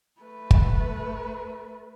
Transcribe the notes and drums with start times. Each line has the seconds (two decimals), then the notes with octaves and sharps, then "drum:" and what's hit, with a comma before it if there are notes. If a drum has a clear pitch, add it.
0.21 A3 B4
0.51 drum: kick